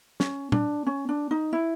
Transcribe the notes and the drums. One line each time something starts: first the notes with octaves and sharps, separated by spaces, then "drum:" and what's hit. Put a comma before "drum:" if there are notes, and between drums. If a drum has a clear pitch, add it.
C#4, drum: snare
D4, drum: tom A#2
C#4
D4
D#4
E4